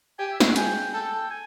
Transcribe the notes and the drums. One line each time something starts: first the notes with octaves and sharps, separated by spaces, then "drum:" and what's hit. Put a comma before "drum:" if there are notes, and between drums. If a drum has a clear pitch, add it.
G4 G#5
E5
F5, drum: snare
F#5
G#4 G5, drum: hi-hat
A4 G5
G#5